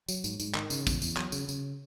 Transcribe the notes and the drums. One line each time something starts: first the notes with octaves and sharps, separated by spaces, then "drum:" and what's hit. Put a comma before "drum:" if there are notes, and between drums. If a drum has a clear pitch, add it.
F#3, drum: tambourine
G#2, drum: tambourine
G#2, drum: tambourine
D#3, drum: clap
C#3, drum: tambourine
E2, drum: kick, tambourine
E2, drum: tambourine
F#3, drum: clap
C#3, drum: tambourine
C#3, drum: tambourine